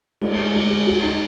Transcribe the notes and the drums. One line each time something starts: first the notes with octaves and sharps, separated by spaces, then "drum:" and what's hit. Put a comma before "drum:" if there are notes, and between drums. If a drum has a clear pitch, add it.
G#3, drum: cymbal
G#4
G#3
G#4
F#4
D#4